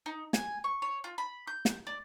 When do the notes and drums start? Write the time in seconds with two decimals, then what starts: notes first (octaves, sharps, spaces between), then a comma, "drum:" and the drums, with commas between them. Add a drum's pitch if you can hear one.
0.06 D#4
0.33 G#5, drum: snare
0.64 C#6
0.82 C#5
1.04 F4
1.18 B5
1.47 G6
1.65 drum: snare
1.87 D5